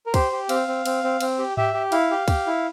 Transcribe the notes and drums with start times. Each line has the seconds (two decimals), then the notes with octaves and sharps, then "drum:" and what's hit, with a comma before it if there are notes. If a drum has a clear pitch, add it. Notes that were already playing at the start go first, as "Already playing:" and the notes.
0.06 A#4
0.14 G4 C5, drum: kick, cymbal
0.32 G4
0.49 C4 F5, drum: cymbal
0.68 C4
0.85 C4, drum: cymbal
1.04 C4
1.20 C4, drum: cymbal
1.39 G4
1.57 G4 E5, drum: tom G#2
1.74 G4
1.92 E4 F5, drum: cymbal
2.11 G4
2.28 G4, drum: kick, cymbal
2.47 E4